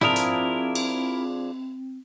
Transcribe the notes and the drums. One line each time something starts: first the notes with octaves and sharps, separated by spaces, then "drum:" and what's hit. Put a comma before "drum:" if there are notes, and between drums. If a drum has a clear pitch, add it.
F3 C4 D4 E4 G#4 A#4, drum: tom
drum: hi-hat
drum: cymbal